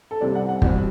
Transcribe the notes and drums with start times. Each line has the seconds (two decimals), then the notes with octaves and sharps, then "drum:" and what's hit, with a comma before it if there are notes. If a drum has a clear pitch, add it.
0.11 A4
0.21 C2 C3 G3 C4 D5
0.35 F#5
0.49 F#5
0.62 C2 B2 G3 C4, drum: kick